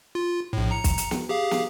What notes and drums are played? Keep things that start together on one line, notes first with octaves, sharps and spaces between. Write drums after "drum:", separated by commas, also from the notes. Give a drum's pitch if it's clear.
F4
A#1 A2
A#5 C#7
drum: kick, hi-hat
drum: hi-hat
drum: snare
G4 G#4 F5
drum: snare